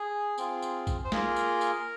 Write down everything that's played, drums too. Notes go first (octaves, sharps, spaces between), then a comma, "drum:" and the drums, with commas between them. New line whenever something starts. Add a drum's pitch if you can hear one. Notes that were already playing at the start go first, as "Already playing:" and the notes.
Already playing: G#4
C4 F4 G#4, drum: tambourine
drum: tambourine
drum: kick A#1, tambourine
C5
A#3 F4 G#4 A#4, drum: snare
drum: tambourine
drum: tambourine